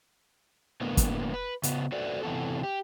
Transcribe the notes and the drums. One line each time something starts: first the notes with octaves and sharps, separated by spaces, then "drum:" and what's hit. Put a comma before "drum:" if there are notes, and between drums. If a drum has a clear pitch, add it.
A2 D3 A#3 B3
drum: kick, hi-hat
B4
C#3 B3, drum: hi-hat
F#4 A4 B4 C5 D5
C3 E3 G#3 B3 A4
G4